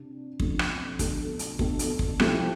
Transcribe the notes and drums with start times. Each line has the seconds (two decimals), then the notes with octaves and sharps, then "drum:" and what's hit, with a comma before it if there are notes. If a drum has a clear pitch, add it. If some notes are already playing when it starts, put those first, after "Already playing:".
Already playing: C3 D4
0.40 C3 F3 A3 D4, drum: kick
0.59 drum: rim click
0.99 B2 A3 D4 A4, drum: kick, hi-hat
1.39 drum: hi-hat
1.59 B2 A3 D4 A4, drum: kick
1.79 drum: hi-hat
1.99 drum: kick
2.20 C3 F3 A3 E4 G4, drum: rim click